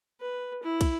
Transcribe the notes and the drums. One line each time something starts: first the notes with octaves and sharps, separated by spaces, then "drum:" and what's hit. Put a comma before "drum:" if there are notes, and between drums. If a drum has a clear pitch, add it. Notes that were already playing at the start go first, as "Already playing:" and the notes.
B4
E4
drum: kick, cymbal